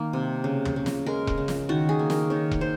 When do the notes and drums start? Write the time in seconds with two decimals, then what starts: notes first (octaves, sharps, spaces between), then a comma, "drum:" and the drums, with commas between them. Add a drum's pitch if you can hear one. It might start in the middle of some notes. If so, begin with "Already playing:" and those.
Already playing: D#3 A#3
0.13 C3
0.44 C#3
0.65 drum: tom
0.76 C#3
0.86 drum: snare
1.06 G#3 A#4
1.27 drum: kick E1
1.38 C#3
1.48 drum: snare
1.69 D#3 F#4
1.89 G#4
1.99 A#3
2.10 A#4, drum: snare
2.30 D#3 C#5
2.51 drum: kick E1
2.61 C5